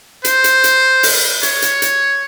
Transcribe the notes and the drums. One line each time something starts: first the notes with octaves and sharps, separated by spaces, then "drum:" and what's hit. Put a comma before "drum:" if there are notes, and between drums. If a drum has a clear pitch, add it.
C5, drum: hi-hat
drum: hi-hat
drum: hi-hat
drum: open hi-hat
C#5, drum: hi-hat
drum: hi-hat
drum: hi-hat